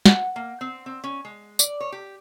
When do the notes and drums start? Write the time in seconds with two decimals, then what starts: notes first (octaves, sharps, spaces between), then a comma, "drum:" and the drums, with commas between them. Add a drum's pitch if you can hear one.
0.06 F#5, drum: snare
0.36 A#3
0.61 C4
0.86 C4
1.04 C#4
1.25 G#3
1.59 D5, drum: tambourine
1.80 C#5
1.92 G4